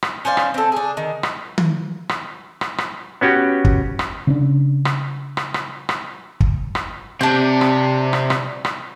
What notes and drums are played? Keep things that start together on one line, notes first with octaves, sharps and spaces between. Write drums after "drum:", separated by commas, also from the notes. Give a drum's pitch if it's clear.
drum: rim click
C#4 C5 D5 F5
drum: rim click
C4 A4
D4 G#4
D#3
drum: rim click
drum: tom D#3
drum: rim click
drum: rim click
drum: rim click
B3 C#4 F#4 G4
drum: kick
drum: rim click
C#3 C#4 D4
drum: rim click
drum: rim click
drum: rim click
drum: rim click
drum: kick
drum: rim click
C3 D4 G6
drum: rim click
drum: rim click
drum: rim click
drum: rim click